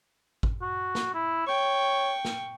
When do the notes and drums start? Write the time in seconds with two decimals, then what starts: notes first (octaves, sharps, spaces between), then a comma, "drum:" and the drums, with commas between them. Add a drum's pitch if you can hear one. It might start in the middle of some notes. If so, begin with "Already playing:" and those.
0.43 drum: kick
0.62 F#4
0.95 drum: snare
1.14 E4
1.47 C#5 G5 C#6
2.25 drum: snare